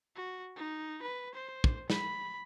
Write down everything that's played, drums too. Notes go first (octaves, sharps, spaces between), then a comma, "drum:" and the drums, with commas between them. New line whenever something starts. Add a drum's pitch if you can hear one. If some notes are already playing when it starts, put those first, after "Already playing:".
F#4
D#4
B4
C5
drum: kick
B5, drum: snare